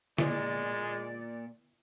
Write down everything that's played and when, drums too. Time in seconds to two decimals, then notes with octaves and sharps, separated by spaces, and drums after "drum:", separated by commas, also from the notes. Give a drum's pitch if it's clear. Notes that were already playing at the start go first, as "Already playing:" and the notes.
0.18 A#2 G#3 D5, drum: tom D3